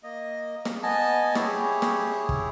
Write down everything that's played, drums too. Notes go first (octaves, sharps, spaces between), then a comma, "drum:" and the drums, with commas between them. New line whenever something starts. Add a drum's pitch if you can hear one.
A#3 D#5
drum: snare
B3 D#5 G#5 A5
E4 G4 G#4 C#5, drum: snare
drum: snare
drum: kick